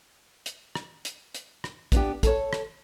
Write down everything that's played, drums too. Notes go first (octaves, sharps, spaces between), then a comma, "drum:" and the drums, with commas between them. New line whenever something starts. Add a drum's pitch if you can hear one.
drum: hi-hat
drum: rim click
drum: hi-hat
drum: hi-hat
drum: rim click
B3 D4 G4, drum: kick, hi-hat
A4 C#5, drum: kick, hi-hat
drum: rim click